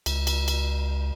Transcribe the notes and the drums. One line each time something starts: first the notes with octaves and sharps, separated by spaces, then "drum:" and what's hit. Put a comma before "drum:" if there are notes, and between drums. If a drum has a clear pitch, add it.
C#2, drum: cymbal
drum: cymbal
drum: cymbal